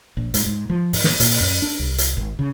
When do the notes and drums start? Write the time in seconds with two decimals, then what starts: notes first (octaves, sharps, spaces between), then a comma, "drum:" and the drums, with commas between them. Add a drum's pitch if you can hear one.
0.17 A#1
0.34 G#2, drum: hi-hat
0.46 G#2
0.70 F3
0.93 G#2, drum: open hi-hat
1.04 drum: snare
1.20 A#2, drum: hi-hat
1.31 drum: open hi-hat
1.40 F#2
1.62 D4
1.80 C2
1.98 drum: hi-hat
2.17 G#1
2.39 C#3